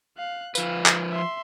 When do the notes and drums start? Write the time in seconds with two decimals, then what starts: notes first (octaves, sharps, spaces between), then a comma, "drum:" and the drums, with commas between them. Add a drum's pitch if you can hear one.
0.17 F5 F#6
0.55 F3 B4 F5, drum: tambourine
0.86 drum: clap
1.10 E5 C6